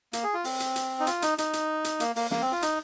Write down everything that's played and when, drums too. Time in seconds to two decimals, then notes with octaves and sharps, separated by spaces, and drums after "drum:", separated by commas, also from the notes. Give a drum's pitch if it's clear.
0.13 A#3, drum: hi-hat
0.24 G#4
0.34 F4
0.44 C4, drum: open hi-hat
0.60 drum: hi-hat
0.76 drum: hi-hat
1.00 D#4
1.07 F4, drum: hi-hat
1.22 D#4, drum: hi-hat
1.38 D#4, drum: hi-hat
1.53 drum: hi-hat
1.84 drum: hi-hat
2.00 A#3, drum: hi-hat
2.16 A#3, drum: open hi-hat
2.31 A#3, drum: snare
2.41 C4
2.52 F4
2.62 D#4, drum: hi-hat